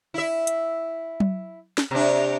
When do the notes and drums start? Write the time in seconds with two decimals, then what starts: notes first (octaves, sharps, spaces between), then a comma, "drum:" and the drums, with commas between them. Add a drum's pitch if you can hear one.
0.14 E4 E5
0.47 drum: hi-hat
1.20 drum: tom F#3
1.78 drum: snare
1.91 C3 D4